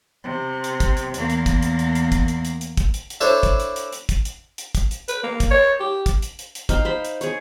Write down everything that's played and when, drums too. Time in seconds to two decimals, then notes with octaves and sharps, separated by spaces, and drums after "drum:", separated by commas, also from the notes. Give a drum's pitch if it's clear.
0.24 C3
0.64 drum: hi-hat
0.80 drum: kick, hi-hat
0.97 drum: hi-hat
1.14 E2 A#3, drum: hi-hat
1.30 drum: hi-hat
1.46 drum: kick, hi-hat
1.63 drum: hi-hat
1.79 drum: hi-hat
1.95 drum: hi-hat
2.12 drum: kick, hi-hat
2.28 drum: hi-hat
2.45 drum: hi-hat
2.61 drum: hi-hat
2.77 drum: kick, hi-hat
2.94 drum: hi-hat
3.10 drum: hi-hat
3.21 D4 E4 A4 C5 C#5
3.43 drum: kick, hi-hat
3.60 drum: hi-hat
3.76 drum: hi-hat
3.92 drum: hi-hat
4.09 drum: kick, hi-hat
4.25 drum: hi-hat
4.58 drum: hi-hat
4.75 drum: kick, hi-hat
4.91 drum: hi-hat
5.08 B4, drum: hi-hat
5.23 A#3
5.40 drum: kick, hi-hat
5.51 C#5
5.80 G4
6.06 drum: kick, hi-hat
6.22 drum: hi-hat
6.39 drum: hi-hat
6.55 drum: hi-hat
6.69 D#4 F5 G5, drum: kick, hi-hat
6.85 C5 B5 C6
7.05 drum: hi-hat
7.21 G#4 C#5, drum: hi-hat